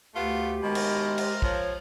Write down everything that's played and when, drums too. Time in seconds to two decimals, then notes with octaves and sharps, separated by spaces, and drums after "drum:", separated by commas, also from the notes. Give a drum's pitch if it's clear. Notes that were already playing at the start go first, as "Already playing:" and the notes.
0.15 D2 A3 B3 F4 G4
0.63 B2 D#3 G#3 A#4 C5
0.75 drum: cymbal
1.18 drum: cymbal
1.42 F3 C#5, drum: kick